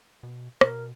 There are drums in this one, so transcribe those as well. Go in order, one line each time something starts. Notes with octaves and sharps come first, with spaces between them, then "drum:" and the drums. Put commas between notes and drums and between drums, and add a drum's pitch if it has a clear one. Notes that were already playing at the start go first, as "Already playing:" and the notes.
B2
B2 A#4, drum: rim click